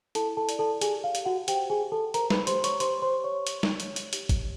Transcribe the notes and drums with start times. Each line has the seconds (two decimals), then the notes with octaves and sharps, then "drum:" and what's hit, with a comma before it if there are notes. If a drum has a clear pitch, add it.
0.15 E4 A4 A5, drum: hi-hat
0.37 A4 A5
0.49 D5, drum: hi-hat
0.59 A4 A5
0.81 G4 G#4 G#5, drum: hi-hat
1.04 F5
1.15 G4, drum: hi-hat
1.25 F#4 F#5
1.48 G4 C5 G5, drum: hi-hat
1.70 G#4 G#5
1.81 G4
1.92 A4 A5
2.14 A#4 C5 A#5, drum: hi-hat
2.30 B4 B5, drum: snare G3
2.47 G4 C5 C6, drum: hi-hat
2.64 C#5 C#6, drum: hi-hat
2.80 G4 C5 C6, drum: hi-hat
3.02 C5 C6
3.13 C#5
3.24 C#5 C#6
3.47 C#5, drum: hi-hat
3.63 drum: snare G3
3.80 C#5, drum: hi-hat
3.96 drum: hi-hat
4.13 G4, drum: hi-hat
4.29 drum: kick G#1, hi-hat